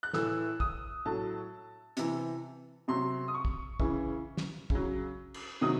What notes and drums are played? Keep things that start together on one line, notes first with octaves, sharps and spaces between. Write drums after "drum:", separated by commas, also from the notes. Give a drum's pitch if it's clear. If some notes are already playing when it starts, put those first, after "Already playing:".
F#6
A2 E3 E6, drum: snare
D#6, drum: kick
A2 F#3 A5
C3 E3, drum: hi-hat
C3 F#3 C6
D#6
C#6
drum: kick
C#3 E3, drum: kick
drum: snare
C#3 F#3, drum: kick
drum: cymbal
C3 D#3 F#3 D#6